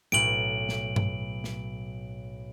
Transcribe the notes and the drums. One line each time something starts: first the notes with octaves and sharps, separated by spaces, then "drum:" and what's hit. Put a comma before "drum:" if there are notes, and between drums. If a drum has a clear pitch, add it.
B1 A2 D7 F#7, drum: snare
drum: snare
drum: tom G2
drum: snare